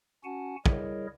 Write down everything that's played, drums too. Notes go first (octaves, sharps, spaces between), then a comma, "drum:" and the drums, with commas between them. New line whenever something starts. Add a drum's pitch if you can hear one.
C#4 F#4 F#5 G#5 A5
G3 E4 G#4 A#4 C#5 D#5, drum: kick